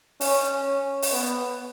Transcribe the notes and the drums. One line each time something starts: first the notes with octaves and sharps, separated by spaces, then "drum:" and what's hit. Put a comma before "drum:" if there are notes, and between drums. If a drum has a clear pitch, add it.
C#4, drum: open hi-hat
drum: open hi-hat
B3